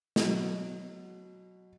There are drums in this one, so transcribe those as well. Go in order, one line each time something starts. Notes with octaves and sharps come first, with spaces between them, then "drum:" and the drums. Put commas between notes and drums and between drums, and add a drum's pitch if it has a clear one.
B2 F#3, drum: snare